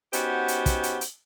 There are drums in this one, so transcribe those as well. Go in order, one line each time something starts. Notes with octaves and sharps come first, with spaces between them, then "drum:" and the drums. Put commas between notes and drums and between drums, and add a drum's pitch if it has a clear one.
B3 C#4 D#4 F#4 G4 C5, drum: hi-hat
drum: hi-hat
drum: kick, hi-hat
drum: hi-hat
drum: hi-hat